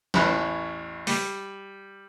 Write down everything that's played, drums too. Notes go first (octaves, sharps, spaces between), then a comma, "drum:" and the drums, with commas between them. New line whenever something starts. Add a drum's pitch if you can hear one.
A1 E2 E4 B4 C#5 B5, drum: snare
G3, drum: open hi-hat